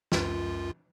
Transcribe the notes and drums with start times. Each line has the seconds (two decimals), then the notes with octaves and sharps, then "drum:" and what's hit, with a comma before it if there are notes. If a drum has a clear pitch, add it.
0.12 C#2 F#2 F4, drum: snare